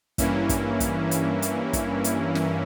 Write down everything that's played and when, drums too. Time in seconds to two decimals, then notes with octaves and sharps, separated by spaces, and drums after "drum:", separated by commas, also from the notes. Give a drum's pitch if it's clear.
0.18 G2 E3 A#3 C#4 E4, drum: kick, hi-hat
0.49 drum: kick, hi-hat
0.80 drum: kick, hi-hat
1.11 drum: hi-hat
1.42 drum: hi-hat
1.73 drum: kick, hi-hat
2.04 drum: hi-hat
2.35 drum: snare